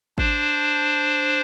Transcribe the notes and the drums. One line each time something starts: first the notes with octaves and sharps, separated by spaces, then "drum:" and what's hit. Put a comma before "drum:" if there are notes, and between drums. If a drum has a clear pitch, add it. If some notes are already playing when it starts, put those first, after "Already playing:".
D4 C5, drum: kick G#1